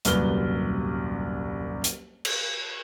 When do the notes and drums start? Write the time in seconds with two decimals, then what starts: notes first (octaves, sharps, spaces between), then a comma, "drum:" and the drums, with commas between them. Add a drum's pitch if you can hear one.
0.05 D#1 C2 F#2 B4 F6 G7, drum: hi-hat
1.84 drum: hi-hat
2.25 drum: cymbal